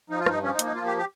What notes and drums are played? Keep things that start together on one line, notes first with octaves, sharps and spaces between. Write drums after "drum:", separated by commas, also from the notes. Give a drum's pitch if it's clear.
F3 D#4
F4
G2 D#4, drum: rim click
F3 C#4
D#4
A#3, drum: hi-hat
D#4
F3 F4
G4
G4